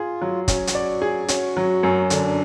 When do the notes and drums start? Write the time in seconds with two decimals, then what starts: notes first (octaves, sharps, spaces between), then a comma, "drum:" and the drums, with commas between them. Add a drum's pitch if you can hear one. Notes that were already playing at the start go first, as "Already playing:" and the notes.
Already playing: F4 G#4
0.21 F#3
0.48 C#4 F#4, drum: kick, hi-hat
0.67 F#4, drum: hi-hat
0.75 D5
1.02 G#4
1.28 C#4 F#4, drum: hi-hat
1.57 F#3
1.83 F#2
2.10 D3 D4, drum: hi-hat